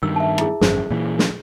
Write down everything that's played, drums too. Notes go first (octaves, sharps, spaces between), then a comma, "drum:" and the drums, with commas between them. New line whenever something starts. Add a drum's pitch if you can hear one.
G2 D#3 E6
E5 A5
E4 G#4, drum: rim click
G#1 F#2 G#4 C5, drum: snare
A#2 E3
drum: snare